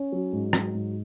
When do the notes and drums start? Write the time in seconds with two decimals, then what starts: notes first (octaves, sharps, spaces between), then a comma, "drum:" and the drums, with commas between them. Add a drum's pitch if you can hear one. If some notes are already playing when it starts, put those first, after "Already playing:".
Already playing: C#4
0.12 F#3
0.32 G#2
0.53 F#3, drum: rim click
0.74 G#2